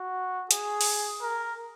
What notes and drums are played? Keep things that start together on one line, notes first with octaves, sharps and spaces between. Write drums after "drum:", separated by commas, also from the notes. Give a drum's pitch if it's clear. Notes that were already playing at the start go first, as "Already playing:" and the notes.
Already playing: F#4
G#4, drum: hi-hat
drum: open hi-hat
A#4